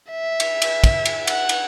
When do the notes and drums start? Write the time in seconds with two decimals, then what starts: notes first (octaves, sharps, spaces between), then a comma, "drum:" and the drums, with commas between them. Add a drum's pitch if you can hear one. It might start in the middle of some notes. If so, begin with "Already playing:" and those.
0.11 E5
0.40 drum: cymbal
0.62 drum: cymbal
0.84 drum: kick, cymbal
1.05 drum: cymbal
1.27 F#5, drum: cymbal
1.49 drum: cymbal